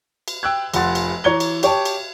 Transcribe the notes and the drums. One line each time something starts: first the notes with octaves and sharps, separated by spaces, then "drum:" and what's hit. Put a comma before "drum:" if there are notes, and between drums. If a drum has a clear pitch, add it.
drum: cymbal
G5 E6 F#6 G#6
F1 F3 F#5 C6 A6, drum: cymbal
drum: cymbal
E3 C#5 A#5 G#6 C#7 G7
drum: cymbal
G4 C#5 G5 A5, drum: cymbal
drum: cymbal